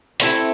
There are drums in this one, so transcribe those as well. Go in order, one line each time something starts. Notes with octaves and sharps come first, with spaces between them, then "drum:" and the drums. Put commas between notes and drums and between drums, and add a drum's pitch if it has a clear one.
A3 C4 E4 A4, drum: hi-hat